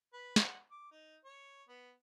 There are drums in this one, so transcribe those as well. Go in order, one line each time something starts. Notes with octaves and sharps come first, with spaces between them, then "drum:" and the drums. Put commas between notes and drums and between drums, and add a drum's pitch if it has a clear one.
B4
F#5, drum: snare
D6
D#4
C#5
B3